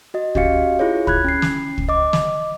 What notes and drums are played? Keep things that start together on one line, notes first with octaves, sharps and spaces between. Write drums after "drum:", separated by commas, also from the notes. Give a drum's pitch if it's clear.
F#4 D#5
C#4 F#4 G4 D#5 F5 C#7, drum: kick
E4 F4 G#4 C#5
B5 F#6 G#6, drum: kick
C#4 C7
drum: snare
drum: kick
D#5 D6
drum: snare